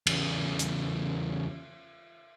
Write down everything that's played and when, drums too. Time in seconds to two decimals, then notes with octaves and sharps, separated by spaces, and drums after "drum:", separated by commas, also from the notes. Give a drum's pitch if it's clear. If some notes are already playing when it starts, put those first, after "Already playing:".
0.07 E2 C#3, drum: cymbal
0.59 drum: hi-hat